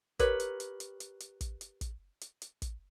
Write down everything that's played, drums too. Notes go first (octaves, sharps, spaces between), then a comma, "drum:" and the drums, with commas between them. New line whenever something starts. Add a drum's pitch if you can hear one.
G4 A#4 B4 C#5, drum: kick, hi-hat
drum: hi-hat
drum: hi-hat
drum: hi-hat
drum: hi-hat
drum: hi-hat
drum: kick, hi-hat
drum: hi-hat
drum: kick, hi-hat
drum: hi-hat
drum: hi-hat
drum: kick, hi-hat